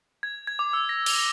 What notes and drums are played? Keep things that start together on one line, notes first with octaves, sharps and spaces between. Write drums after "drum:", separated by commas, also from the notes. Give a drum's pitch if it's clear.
G#6
G#6
D6
E6
A#6
G7, drum: cymbal